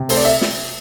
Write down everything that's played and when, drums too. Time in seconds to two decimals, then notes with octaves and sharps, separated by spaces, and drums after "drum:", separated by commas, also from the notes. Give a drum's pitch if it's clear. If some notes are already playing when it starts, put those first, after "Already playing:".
Already playing: C3
0.09 A3 C5, drum: open hi-hat
0.17 D5
0.25 E5
0.41 drum: snare